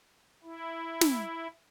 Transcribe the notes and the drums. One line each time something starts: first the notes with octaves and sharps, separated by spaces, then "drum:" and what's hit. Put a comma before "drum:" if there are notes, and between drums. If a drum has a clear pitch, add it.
E4
drum: snare